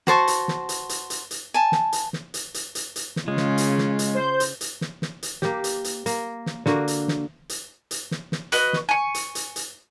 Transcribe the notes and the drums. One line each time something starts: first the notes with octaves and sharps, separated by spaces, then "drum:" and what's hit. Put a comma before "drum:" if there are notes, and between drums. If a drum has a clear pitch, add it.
F#4 C5 A5 C#6, drum: snare
drum: hi-hat
drum: snare
drum: hi-hat
drum: hi-hat
drum: hi-hat
drum: hi-hat
G#5 A5
drum: snare
drum: hi-hat
drum: snare
drum: hi-hat
drum: hi-hat
drum: hi-hat
drum: hi-hat
drum: snare
C#3 G#3 F4
drum: snare
drum: hi-hat
drum: snare
drum: hi-hat
C5 G6
drum: hi-hat
drum: hi-hat
drum: snare
drum: snare
drum: hi-hat
A#3 G4, drum: snare
drum: hi-hat
drum: hi-hat
A#3, drum: hi-hat
drum: snare
D3 A#3 F#4, drum: snare
drum: hi-hat
drum: snare
drum: hi-hat
drum: hi-hat
drum: snare
drum: snare
F#4 B4 D#5, drum: hi-hat
drum: snare
G#5 C#6
drum: hi-hat
drum: hi-hat
drum: hi-hat